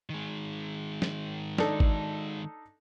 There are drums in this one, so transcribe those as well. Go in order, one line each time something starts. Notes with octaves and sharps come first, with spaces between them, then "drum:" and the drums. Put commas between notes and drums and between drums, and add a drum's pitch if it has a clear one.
D#3 G#3
drum: snare
D4 D#4 A4, drum: snare
drum: kick G#1